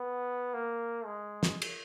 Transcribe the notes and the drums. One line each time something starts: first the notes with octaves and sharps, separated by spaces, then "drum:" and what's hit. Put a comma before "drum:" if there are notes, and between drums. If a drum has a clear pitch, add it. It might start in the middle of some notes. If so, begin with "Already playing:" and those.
Already playing: B3
A#3
G#3
drum: snare
drum: cymbal